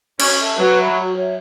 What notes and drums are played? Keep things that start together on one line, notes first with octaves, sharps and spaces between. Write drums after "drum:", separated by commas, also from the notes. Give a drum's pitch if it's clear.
C#4 F#4, drum: cymbal
A4 E5 A5
F#3 B4
E5 B5
F#4
C#5 E5